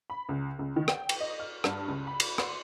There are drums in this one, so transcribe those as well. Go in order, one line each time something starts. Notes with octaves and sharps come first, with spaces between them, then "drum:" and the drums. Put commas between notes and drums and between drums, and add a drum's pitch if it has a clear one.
B5
C#2
C#2
D#3
G5, drum: rim click
drum: cymbal
D#5
F6
G2, drum: rim click
C#2
B5
drum: cymbal
C6, drum: rim click